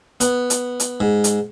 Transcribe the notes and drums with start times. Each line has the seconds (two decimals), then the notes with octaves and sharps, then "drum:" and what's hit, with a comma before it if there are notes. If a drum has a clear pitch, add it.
0.20 B3, drum: hi-hat
0.50 drum: hi-hat
0.80 drum: hi-hat
1.00 G#2
1.24 drum: hi-hat